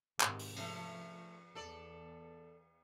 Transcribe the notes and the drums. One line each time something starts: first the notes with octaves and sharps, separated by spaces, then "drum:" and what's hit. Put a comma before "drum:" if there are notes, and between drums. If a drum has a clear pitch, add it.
G#2 C3 D#3, drum: clap
drum: open hi-hat
F3 A3 C#4, drum: cymbal
E2 A4 D5